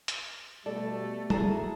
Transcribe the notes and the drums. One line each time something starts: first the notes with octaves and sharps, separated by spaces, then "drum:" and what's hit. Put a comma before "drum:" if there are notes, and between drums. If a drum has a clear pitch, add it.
drum: hi-hat
B2 G3 A3 A4 D5
E4 F#4 G#4 A4 A5 A#5, drum: tom